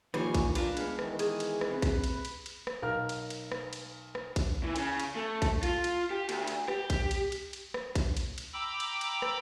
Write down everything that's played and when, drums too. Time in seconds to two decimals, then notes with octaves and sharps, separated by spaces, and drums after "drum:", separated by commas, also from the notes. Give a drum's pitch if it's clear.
0.14 D#3 F3 G3 A#3 C#4 G#5, drum: rim click
0.34 drum: kick A#1, cymbal
0.55 D4 F4 A#4 B4 A5, drum: cymbal
0.77 G#3 B3 F5, drum: cymbal
0.99 D#3 E3, drum: rim click
1.19 G#4, drum: cymbal
1.40 drum: cymbal
1.61 drum: rim click
1.71 C3 B4
1.82 drum: kick A#1, cymbal
2.04 drum: cymbal
2.25 drum: cymbal
2.46 drum: cymbal
2.67 drum: rim click
2.82 B1 A#4 F5 F6
3.09 drum: cymbal
3.30 drum: cymbal
3.52 drum: rim click
3.73 drum: cymbal
4.15 drum: rim click
4.36 drum: kick A#1, cymbal
4.63 E3
4.76 C#3, drum: cymbal
5.00 drum: cymbal
5.15 A3
5.42 drum: kick A#1, cymbal
5.63 F4, drum: cymbal
5.84 drum: cymbal
6.11 G4
6.29 D2, drum: cymbal
6.47 drum: cymbal
6.68 G4, drum: rim click
6.90 drum: kick A#1, cymbal
7.11 drum: cymbal
7.32 drum: cymbal
7.53 drum: cymbal
7.74 drum: rim click
7.95 drum: kick A#1, cymbal
8.17 drum: cymbal
8.38 drum: cymbal
8.53 G5 A#5 B5 D6 E6
8.80 drum: cymbal
9.01 drum: cymbal
9.22 drum: rim click